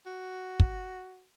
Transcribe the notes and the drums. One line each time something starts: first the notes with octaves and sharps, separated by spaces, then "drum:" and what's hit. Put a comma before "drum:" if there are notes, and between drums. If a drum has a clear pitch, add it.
F#4
drum: kick